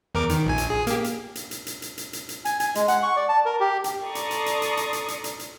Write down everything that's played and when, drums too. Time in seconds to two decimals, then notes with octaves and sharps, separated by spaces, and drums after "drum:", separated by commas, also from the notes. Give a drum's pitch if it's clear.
0.15 E2 A#4 D6
0.29 D#3, drum: hi-hat
0.46 A#1 G#5
0.58 drum: hi-hat
0.70 G#4
0.87 A#3 G4, drum: hi-hat
1.04 drum: hi-hat
1.35 drum: hi-hat
1.51 drum: hi-hat
1.67 drum: hi-hat
1.82 drum: hi-hat
1.98 drum: hi-hat
2.13 drum: hi-hat
2.29 drum: hi-hat
2.45 G#5, drum: hi-hat
2.60 G#5, drum: hi-hat
2.75 G#3, drum: hi-hat
2.88 F#5, drum: hi-hat
3.03 C#6
3.17 D5
3.29 A5
3.45 A#4
3.60 G4
3.84 drum: hi-hat
4.05 A4 D5 A#5 C6 C#6 D#6
4.15 drum: hi-hat
4.31 drum: hi-hat
4.46 drum: hi-hat
4.62 drum: hi-hat
4.77 drum: hi-hat
4.93 drum: hi-hat
5.08 drum: hi-hat
5.24 drum: hi-hat
5.39 drum: hi-hat